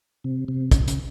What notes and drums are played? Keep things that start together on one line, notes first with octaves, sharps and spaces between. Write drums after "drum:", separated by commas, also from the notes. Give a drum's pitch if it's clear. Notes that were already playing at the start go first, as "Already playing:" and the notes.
C3
C3
C#3, drum: kick, hi-hat
C#3, drum: hi-hat